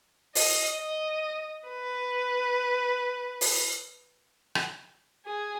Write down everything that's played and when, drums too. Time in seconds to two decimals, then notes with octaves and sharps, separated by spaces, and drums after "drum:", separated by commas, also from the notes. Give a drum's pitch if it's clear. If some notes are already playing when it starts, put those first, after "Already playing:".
0.35 D#5, drum: open hi-hat
0.79 D#5
1.69 B4
3.41 drum: open hi-hat
4.55 drum: rim click
5.26 G#4